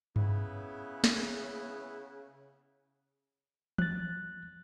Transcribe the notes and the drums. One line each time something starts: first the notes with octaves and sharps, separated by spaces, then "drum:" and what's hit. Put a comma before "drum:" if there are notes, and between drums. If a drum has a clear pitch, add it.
C#3 B3 E4 B4, drum: tom G2
drum: snare
F#6 A6, drum: tom E3